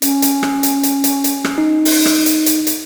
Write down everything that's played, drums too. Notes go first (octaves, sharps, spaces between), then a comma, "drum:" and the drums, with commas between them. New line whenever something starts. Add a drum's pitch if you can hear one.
C#4, drum: hi-hat
drum: hi-hat
drum: rim click
drum: hi-hat
drum: hi-hat
drum: hi-hat
drum: hi-hat
drum: rim click
D#4
drum: open hi-hat
drum: rim click
drum: hi-hat
drum: hi-hat
drum: hi-hat